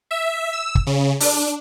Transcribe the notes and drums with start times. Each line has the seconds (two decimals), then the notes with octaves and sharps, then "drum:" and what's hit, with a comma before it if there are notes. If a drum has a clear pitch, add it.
0.11 E5
0.53 E6
0.75 drum: kick
0.87 C#3
1.20 D4, drum: open hi-hat